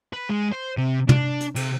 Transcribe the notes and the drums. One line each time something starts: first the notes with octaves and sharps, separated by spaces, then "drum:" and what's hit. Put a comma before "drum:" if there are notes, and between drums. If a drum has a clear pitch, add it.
B4
G#3
C5
C3
D4, drum: tom
drum: hi-hat
C3, drum: cymbal